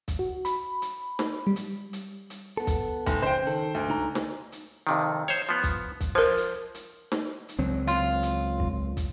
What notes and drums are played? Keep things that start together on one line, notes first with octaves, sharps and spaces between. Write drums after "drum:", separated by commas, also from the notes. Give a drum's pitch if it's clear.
drum: kick, hi-hat
F#4
B5, drum: hi-hat
drum: hi-hat
drum: snare
G3
drum: hi-hat
drum: hi-hat
drum: hi-hat
B3 A4
drum: kick, hi-hat
F1, drum: kick, hi-hat
C#3 C5 G5
D#3 A4
D2
C#2 D#4 A#5
drum: snare
drum: hi-hat
F2 C3 D#3
C5 C#5, drum: hi-hat
F3 B3
drum: kick, hi-hat
drum: kick, hi-hat
F3 A#4 C5
drum: hi-hat
drum: hi-hat
drum: snare
drum: hi-hat
C#2 F#3 C4
F4, drum: hi-hat
drum: hi-hat
drum: kick
drum: kick, hi-hat